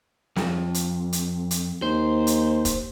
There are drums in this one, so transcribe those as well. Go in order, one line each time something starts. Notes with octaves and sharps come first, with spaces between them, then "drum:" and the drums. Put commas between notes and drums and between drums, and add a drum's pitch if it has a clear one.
F2, drum: snare
drum: hi-hat
drum: hi-hat
drum: hi-hat
D#2 C5
drum: hi-hat
drum: kick F1, hi-hat